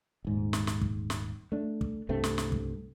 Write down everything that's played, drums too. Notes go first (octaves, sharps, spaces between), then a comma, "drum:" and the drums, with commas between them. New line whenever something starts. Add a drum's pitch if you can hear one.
D#1 G#2
drum: snare
drum: snare
drum: kick
drum: snare
A3 D4
drum: kick
C2 G2 A3 C4
drum: snare
drum: snare
drum: kick